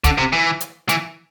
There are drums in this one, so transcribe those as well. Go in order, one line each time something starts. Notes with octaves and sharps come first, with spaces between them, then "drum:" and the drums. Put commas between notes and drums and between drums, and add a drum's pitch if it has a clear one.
D3, drum: kick, hi-hat
C3
E3
drum: hi-hat
E3, drum: hi-hat